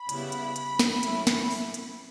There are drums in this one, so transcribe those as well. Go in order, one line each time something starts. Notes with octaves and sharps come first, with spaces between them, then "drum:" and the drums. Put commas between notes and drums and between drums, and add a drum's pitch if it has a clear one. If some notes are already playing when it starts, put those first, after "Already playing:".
Already playing: B5
C#3 G3 B3 E4, drum: hi-hat
drum: hi-hat
drum: hi-hat
drum: snare
F#3 A3 C#4 E4, drum: hi-hat
drum: snare
drum: open hi-hat
drum: hi-hat